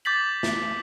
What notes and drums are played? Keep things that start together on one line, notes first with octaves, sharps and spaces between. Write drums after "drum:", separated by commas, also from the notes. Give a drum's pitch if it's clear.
D6 G6 A6 B6 F#7
drum: snare